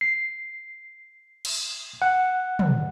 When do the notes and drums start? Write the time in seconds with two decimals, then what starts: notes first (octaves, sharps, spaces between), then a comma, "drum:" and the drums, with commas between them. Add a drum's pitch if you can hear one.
0.01 C7
1.45 drum: cymbal
2.02 F#5
2.59 drum: tom